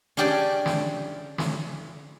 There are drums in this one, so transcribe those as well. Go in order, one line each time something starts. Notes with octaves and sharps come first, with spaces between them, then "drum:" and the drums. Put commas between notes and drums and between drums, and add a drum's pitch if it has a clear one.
C#4 D4 G4 G#4 D5
drum: snare
drum: snare